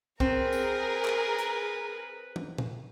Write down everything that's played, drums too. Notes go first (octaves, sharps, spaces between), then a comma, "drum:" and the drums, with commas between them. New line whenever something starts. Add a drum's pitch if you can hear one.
C4 G#4 A#4 B4, drum: kick
drum: tambourine
drum: clap
drum: hi-hat
drum: tom
drum: tom A#2